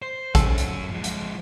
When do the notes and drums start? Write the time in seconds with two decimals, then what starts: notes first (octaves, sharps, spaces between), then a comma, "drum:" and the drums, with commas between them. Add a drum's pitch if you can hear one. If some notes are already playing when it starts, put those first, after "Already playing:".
0.02 C5
0.35 F#2 C#4 A4, drum: kick A1, hi-hat
0.58 drum: hi-hat
0.91 F3 G#3
1.04 drum: hi-hat